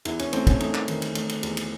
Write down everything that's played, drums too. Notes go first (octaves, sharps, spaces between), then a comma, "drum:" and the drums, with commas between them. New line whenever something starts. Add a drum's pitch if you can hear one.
E2 E4, drum: cymbal
C#4, drum: cymbal
A3 C4, drum: cymbal
C#4, drum: kick, cymbal
A3 D#4, drum: cymbal
drum: clap
D#3, drum: cymbal
drum: cymbal
A3, drum: cymbal
drum: cymbal
E2, drum: cymbal
drum: cymbal